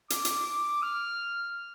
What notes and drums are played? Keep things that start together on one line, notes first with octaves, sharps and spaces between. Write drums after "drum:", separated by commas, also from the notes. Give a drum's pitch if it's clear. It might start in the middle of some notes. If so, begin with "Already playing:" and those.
D6, drum: hi-hat
drum: hi-hat
D6
F6